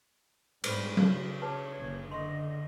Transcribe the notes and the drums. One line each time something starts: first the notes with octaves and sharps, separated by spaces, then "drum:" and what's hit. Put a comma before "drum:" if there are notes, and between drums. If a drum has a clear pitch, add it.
G#2 G3 B4 C5 B5, drum: cymbal
drum: tom F#3
C#3 F#4
G#4 B4 C#5 A5
F#1 C#3
D3 D#5 C6 C#6